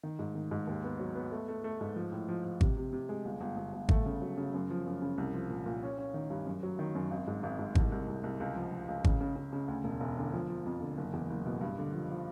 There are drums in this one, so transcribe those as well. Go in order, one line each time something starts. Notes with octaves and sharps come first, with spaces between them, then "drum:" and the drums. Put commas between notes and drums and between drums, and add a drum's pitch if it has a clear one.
D#3
G#2
D#3
G#2
D#2
B3
F#3
B3
A3
A3
A3
G#2
F3
A2
F3
F3
C3, drum: kick G#1
C3
C3
G#3
G1
G1
G1
G1
A3, drum: kick G#1
C#3
F#3
C#3
F#2
F3
F#2
C#3
C2
F3
A#2
A#2
C#4
C#4
D#3
G2
F#2
F#3
D#3
F#2
G#1
G#2
G#1
G#2
C2, drum: kick G#1
C2
C2
C2
C#2
F3
F3
C#2
C#3, drum: kick G#1
C#3
C#3
C#3
D2
E1
E1
D3
F3
F3
F2
D3
F#1
E2
F#1
B2
G2
D3
F3
F3